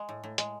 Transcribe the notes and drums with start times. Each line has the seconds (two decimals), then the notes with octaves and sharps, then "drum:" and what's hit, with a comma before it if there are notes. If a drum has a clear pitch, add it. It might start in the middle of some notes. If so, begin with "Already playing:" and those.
Already playing: G#3
0.09 A2
0.24 A2
0.38 G#3, drum: hi-hat